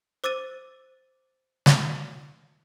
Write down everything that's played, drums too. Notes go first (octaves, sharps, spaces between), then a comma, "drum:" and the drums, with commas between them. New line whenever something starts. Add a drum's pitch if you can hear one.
C5 D6 E6 A6 D#7
drum: snare